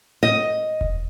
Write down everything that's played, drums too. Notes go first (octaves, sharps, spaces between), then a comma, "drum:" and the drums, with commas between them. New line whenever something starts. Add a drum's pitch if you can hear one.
D#5
drum: kick E1